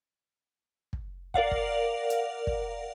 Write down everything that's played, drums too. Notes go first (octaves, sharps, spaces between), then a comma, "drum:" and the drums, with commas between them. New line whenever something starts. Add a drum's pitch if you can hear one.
drum: kick
A#4 D5 F5 F#5, drum: kick
drum: kick
drum: hi-hat
drum: kick